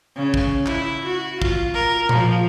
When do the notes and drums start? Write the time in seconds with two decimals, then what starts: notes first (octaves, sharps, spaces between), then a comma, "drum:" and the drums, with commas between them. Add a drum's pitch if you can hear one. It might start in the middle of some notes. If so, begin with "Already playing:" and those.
0.16 C#3
0.34 drum: kick
0.66 E4, drum: clap
1.06 F#4
1.42 F4, drum: kick
1.74 A#4
2.09 F3, drum: tom A#2